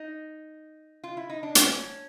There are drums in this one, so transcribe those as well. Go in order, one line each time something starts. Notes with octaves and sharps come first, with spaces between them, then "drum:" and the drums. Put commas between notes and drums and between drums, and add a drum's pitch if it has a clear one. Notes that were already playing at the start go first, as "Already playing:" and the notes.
Already playing: D#4
F4
E4
D#4
D4
C#4, drum: hi-hat